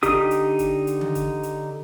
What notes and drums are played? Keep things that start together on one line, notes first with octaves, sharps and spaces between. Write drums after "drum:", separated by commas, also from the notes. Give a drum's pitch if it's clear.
D3 D#4 G4 D#6, drum: kick, hi-hat
drum: hi-hat
drum: kick, hi-hat
drum: hi-hat
drum: tom D3
drum: kick, hi-hat
drum: hi-hat